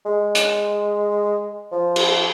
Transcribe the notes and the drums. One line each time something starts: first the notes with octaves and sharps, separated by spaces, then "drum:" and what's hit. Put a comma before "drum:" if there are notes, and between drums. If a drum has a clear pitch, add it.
G#3
drum: hi-hat
F3
drum: cymbal